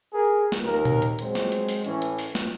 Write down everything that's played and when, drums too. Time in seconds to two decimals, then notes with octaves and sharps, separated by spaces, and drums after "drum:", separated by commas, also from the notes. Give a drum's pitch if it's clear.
0.13 G#4 A#4
0.52 drum: snare
0.64 D#2 A#4
0.85 drum: tom A#2
1.02 drum: hi-hat
1.19 F#3 G#3 C4 C5, drum: hi-hat
1.35 drum: snare
1.52 drum: hi-hat
1.69 drum: open hi-hat
1.85 A2 E3 C#4, drum: hi-hat
2.02 drum: hi-hat
2.18 drum: open hi-hat
2.35 drum: snare